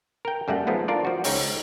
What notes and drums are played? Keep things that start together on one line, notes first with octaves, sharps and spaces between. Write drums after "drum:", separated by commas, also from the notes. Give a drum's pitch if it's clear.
A#4 G5
F#2 G3 A3 A#3 F#5
F3 G#3 A3 B3 D#4
D4 F4 A#4 D5
F3 F#4
C#2 D#4 C#5 G5, drum: open hi-hat